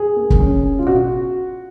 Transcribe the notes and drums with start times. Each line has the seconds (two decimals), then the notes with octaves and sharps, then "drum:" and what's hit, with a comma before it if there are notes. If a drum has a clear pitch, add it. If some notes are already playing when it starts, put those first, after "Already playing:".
Already playing: G#4
0.16 A#3
0.30 drum: kick
0.40 C#4
0.63 C#4
0.79 F4
0.87 B2 F#4